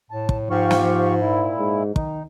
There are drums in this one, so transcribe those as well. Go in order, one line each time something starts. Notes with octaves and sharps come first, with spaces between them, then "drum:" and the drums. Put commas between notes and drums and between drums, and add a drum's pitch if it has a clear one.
A2 A5
drum: kick
G#2 F3 G4 F5 C#6
drum: snare
A#2 E4
G#2
D#3 D#4, drum: kick